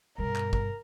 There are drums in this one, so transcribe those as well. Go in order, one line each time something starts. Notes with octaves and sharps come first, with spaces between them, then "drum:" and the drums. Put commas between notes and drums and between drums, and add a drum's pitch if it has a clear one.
G2 B2 A#4
drum: clap
drum: kick